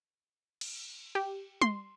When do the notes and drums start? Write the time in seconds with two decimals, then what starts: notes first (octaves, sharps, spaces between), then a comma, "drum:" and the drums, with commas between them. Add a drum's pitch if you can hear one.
0.61 drum: cymbal
1.15 G4
1.61 C6, drum: tom G3